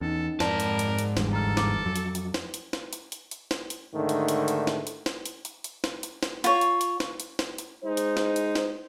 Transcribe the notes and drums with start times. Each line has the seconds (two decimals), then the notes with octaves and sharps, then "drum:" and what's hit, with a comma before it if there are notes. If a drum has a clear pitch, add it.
0.01 E2 C#4 D#4 A4
0.40 F2 G#2 A#4 D5 A5, drum: snare
0.60 drum: hi-hat
0.79 drum: hi-hat
0.99 drum: hi-hat
1.17 G1 E2 G2, drum: snare
1.33 A4 A#5 F6
1.57 D6, drum: snare
1.85 F2 F#3
1.96 drum: hi-hat
2.15 drum: hi-hat
2.34 drum: snare
2.54 drum: hi-hat
2.73 drum: snare
2.93 drum: hi-hat
3.12 drum: hi-hat
3.31 drum: hi-hat
3.51 drum: snare
3.70 drum: hi-hat
3.94 G#2 D3 D#3 A3
4.09 drum: hi-hat
4.28 drum: hi-hat
4.48 drum: hi-hat
4.67 drum: snare
4.87 drum: hi-hat
5.06 drum: snare
5.26 drum: hi-hat
5.45 drum: hi-hat
5.64 drum: hi-hat
5.84 drum: snare
6.03 drum: hi-hat
6.23 drum: snare
6.44 F4 C#5, drum: hi-hat
6.61 drum: hi-hat
6.81 drum: hi-hat
7.00 drum: snare
7.20 drum: hi-hat
7.39 drum: snare
7.58 drum: hi-hat
7.85 G#3 D#4 C5
7.97 drum: hi-hat
8.17 drum: snare
8.36 drum: hi-hat
8.55 drum: snare